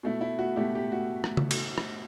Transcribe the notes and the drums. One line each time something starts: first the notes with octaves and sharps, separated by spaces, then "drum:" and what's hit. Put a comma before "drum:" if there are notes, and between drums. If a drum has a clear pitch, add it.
B2 A3 E4
E4
F#4
B2 A3 E4 G4
G4
F#4
drum: rim click
drum: tom C#3
drum: cymbal
drum: rim click